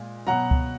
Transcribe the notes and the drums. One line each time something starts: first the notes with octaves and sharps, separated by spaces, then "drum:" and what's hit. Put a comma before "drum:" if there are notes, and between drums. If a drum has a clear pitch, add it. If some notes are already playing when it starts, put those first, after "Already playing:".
Already playing: A#2 G#3
B2 F#3 F#5 A#5
drum: kick C#2